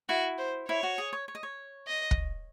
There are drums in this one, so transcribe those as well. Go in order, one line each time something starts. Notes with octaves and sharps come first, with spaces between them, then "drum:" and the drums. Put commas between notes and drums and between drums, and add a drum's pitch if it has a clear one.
E4 F#4
C5
E4 C#5
F#4
G#4
C#5
C#5
D#5
C#5
D#5
drum: kick